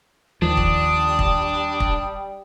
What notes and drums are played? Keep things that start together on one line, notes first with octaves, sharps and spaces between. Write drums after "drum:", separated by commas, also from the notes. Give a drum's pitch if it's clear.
D#2 F3 G3 D4 D#6
drum: kick
drum: kick
drum: kick